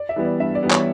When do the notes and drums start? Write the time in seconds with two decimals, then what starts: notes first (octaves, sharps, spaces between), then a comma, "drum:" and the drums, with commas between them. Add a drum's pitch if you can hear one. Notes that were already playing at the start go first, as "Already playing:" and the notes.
Already playing: D5
0.09 E5
0.16 E3 G3 B3
0.25 D5
0.40 G2 E5
0.55 D5
0.63 E3 G3 B3
0.71 C#5, drum: clap